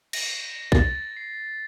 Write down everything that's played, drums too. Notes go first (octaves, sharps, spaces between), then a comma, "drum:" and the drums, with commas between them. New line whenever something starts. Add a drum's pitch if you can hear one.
A#6, drum: cymbal
A6, drum: kick
C7